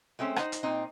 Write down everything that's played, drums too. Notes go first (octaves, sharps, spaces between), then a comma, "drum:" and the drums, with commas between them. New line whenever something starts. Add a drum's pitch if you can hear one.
G#3 A3 C4 C#4
D#4 C5 F#5, drum: rim click
drum: hi-hat
A#2 C4 D#4